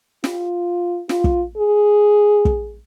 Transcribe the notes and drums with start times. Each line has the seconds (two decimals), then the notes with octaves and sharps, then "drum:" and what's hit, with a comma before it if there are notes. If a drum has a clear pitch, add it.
0.24 F4, drum: snare
1.09 F4, drum: snare
1.24 drum: kick
1.57 G#4
2.45 drum: kick